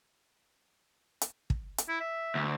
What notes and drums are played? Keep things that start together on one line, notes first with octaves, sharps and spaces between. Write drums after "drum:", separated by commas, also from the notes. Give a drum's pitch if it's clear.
drum: hi-hat
drum: kick
drum: hi-hat
E4
E5
D2